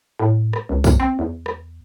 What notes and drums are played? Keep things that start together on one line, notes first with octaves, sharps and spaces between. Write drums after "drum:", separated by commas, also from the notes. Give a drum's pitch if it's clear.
A2
drum: rim click
C#2
drum: kick, tambourine
C4
E2
drum: rim click